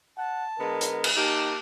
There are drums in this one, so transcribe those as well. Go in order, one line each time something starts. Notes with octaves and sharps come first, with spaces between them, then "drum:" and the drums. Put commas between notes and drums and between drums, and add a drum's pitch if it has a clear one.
F#5 A5
D3 G#3 B3 A#4
drum: hi-hat
drum: cymbal
A#3 D#4 G4 A5